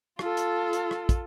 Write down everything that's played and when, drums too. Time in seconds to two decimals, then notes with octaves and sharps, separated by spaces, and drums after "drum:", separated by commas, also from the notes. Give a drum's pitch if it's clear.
0.19 F4 A4, drum: rim click
0.37 drum: hi-hat
0.73 drum: hi-hat
0.91 drum: rim click
1.09 drum: kick, hi-hat